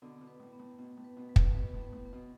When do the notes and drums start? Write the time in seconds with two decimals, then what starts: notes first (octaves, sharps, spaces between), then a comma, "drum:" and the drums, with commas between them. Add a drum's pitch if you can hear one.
0.02 B2 D3 B3
0.21 B2
0.28 B4
0.40 A2
0.53 B3
0.59 A2
0.78 B2 B3
0.97 A2
1.04 B4
1.17 B2
1.29 B4
1.36 A2, drum: kick
1.55 B2 B4
1.74 A2
1.80 B3
1.93 A2
2.05 B3
2.13 B2